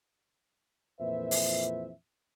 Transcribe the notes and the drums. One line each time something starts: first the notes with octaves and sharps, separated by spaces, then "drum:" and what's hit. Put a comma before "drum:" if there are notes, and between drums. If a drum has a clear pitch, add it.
F2 A#2 E3 B4 C5 E5
drum: open hi-hat